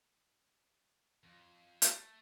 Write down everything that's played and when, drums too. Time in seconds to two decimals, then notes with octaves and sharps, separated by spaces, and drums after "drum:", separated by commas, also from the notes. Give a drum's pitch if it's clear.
1.24 F2
1.82 A3, drum: hi-hat